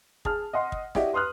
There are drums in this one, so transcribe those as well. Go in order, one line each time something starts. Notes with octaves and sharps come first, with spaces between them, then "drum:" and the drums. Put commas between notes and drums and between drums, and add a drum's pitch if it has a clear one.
G#4 A5 F6, drum: kick
D#5 F#5 C6
drum: kick
E4 F#4 G4 D5 D#5, drum: snare
B4 C6 D#6 F6 F#6